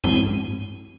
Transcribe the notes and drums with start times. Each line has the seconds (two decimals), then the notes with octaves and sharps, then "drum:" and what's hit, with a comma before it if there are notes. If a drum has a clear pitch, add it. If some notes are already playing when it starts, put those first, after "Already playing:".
0.04 G#3 C4 E4, drum: tom G2